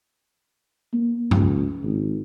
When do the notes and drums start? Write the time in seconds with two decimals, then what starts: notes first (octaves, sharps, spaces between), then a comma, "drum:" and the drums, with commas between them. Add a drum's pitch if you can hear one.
0.93 A#3
1.31 C#2, drum: tom G2
1.83 G#1